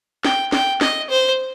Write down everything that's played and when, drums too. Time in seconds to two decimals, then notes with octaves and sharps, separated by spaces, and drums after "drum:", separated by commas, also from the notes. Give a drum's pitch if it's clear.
0.25 G5, drum: snare
0.52 G5, drum: snare
0.81 D#5, drum: snare
1.10 C5